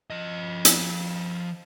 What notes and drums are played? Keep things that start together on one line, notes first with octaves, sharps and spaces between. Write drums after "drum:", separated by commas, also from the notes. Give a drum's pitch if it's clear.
F3 D#5
drum: hi-hat